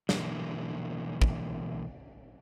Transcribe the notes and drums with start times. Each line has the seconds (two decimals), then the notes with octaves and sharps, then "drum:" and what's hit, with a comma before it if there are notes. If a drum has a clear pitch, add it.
0.09 B2 D3 E3 A#3, drum: snare
1.22 drum: kick